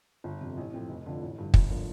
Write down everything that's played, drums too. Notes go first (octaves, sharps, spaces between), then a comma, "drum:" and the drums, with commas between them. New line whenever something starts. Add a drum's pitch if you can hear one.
G1
F2 C3
A1
A2 F3 C4
F1
F2 D3 F3
A1
G2 D3
G1, drum: kick
D3 F3 A#3